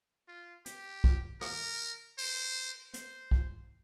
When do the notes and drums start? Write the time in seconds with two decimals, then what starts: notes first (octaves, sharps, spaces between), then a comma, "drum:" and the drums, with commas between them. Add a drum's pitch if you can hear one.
0.28 F4
0.66 G4, drum: hi-hat
1.04 drum: kick
1.41 A#4, drum: rim click
2.18 C5, drum: open hi-hat
2.94 C5, drum: hi-hat
3.31 drum: kick